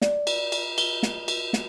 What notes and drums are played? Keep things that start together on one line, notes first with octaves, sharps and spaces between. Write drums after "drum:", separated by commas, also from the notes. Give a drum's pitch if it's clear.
D5, drum: snare
drum: cymbal
drum: cymbal
G7, drum: cymbal
drum: snare
drum: cymbal
drum: snare